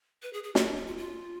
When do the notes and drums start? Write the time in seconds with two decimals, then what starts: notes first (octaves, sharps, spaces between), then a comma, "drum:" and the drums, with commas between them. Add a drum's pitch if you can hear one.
0.22 B4
0.33 G#4
0.44 G#4
0.55 F4, drum: snare
0.65 D4
0.76 F4
0.87 F4
0.97 F4